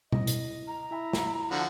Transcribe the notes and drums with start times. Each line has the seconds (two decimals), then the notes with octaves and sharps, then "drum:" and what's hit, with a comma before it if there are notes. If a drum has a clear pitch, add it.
0.12 E4 D#5, drum: tom B2
0.27 drum: hi-hat
0.68 A#5
0.91 E4 E5 G#5 B5
1.13 drum: snare
1.51 D3 F3 F#4